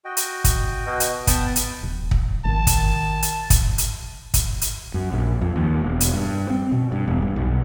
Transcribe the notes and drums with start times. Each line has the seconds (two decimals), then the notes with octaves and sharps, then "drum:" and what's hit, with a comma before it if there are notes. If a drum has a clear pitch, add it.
0.05 F#4 D#5 G5
0.17 drum: hi-hat
0.44 drum: kick, hi-hat
0.86 B2
1.00 drum: hi-hat
1.27 B3 G5 A5, drum: kick, hi-hat
1.56 drum: hi-hat
1.83 D#1
2.11 drum: kick
2.45 G#1 D#3 A5
2.67 drum: kick, hi-hat
3.22 drum: hi-hat
3.50 drum: kick, hi-hat
3.78 drum: hi-hat
4.34 drum: kick, hi-hat
4.61 drum: hi-hat
4.94 F#2
5.12 A#1
5.41 F2
5.56 D#2
5.81 E1
6.00 drum: hi-hat
6.14 G2
6.50 C4
6.72 B2
6.92 G2
7.08 E1
7.22 G2
7.36 B1